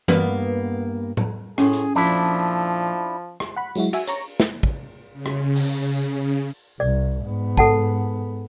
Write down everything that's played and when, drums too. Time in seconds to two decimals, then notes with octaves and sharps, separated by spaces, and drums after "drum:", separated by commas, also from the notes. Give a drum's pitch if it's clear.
0.08 G2 A#3 B3, drum: tom E3
1.17 drum: tom A2
1.58 A2 G#3 C#4 G#4, drum: rim click
1.73 drum: hi-hat
1.96 F2 A#2 F3 D4 E4
3.40 drum: rim click
3.56 F#5 B5
3.75 F#3 G#3 E4 F#4, drum: tambourine
3.93 F#4 E5 G#5, drum: cymbal
4.07 C#5 A#5 C#6, drum: hi-hat
4.40 drum: snare
4.63 drum: kick
5.13 C#3
5.26 drum: rim click
5.56 drum: open hi-hat
6.80 C2 D5
7.25 G#2 B3
7.57 A4 F#5 A5, drum: kick